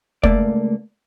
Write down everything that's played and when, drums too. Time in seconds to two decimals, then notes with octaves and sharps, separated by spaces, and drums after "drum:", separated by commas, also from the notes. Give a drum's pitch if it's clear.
0.23 C#2 G#2 A3 A#3 D5, drum: kick